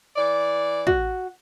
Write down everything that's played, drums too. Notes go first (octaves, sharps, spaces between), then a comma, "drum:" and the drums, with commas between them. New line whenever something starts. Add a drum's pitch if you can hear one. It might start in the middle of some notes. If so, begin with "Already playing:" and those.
E3 D5
F#4, drum: kick